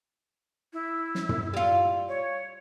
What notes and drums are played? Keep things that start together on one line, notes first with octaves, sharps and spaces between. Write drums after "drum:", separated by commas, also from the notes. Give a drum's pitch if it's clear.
E4
drum: snare
drum: tom
G3 F4
C#5